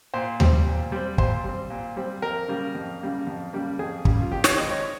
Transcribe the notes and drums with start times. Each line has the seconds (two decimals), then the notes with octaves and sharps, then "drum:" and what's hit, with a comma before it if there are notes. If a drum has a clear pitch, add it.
0.14 A#2 C5
0.40 G3 C4, drum: tom D#2
0.66 A#2
0.92 G3 C4
1.18 A#2 C5, drum: kick
1.44 G3 C4
1.70 A#2
1.97 G3 C4
2.22 F2 A#4
2.48 C#3 G3 A#3
2.75 F2
3.01 C#3 G3 A#3
3.27 F2
3.53 C#3 G3 A#3
3.79 F2 G#4
4.05 C#3 G3 A#3, drum: kick
4.22 F4
4.31 F2 G4
4.44 C#5, drum: snare
4.57 D#3 G#3 C4 D#5
4.71 C#5